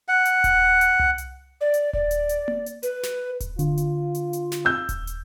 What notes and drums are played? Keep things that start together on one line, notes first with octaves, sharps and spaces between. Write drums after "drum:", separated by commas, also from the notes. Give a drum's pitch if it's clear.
F#5
drum: hi-hat
drum: kick D#1, hi-hat
drum: hi-hat
drum: tom C2
drum: hi-hat
D5
drum: hi-hat
D5, drum: kick D#1
drum: hi-hat
drum: hi-hat
drum: tom A#3
drum: hi-hat
B4, drum: hi-hat
drum: snare
drum: kick D#1, hi-hat
D3 F4, drum: hi-hat
drum: hi-hat
drum: hi-hat
drum: hi-hat
drum: snare
E6 G6
drum: kick D#1, hi-hat
drum: hi-hat